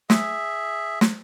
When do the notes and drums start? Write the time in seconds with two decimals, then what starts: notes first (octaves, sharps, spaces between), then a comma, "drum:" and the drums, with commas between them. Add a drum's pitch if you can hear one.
0.10 G#4 E5, drum: snare
1.01 drum: snare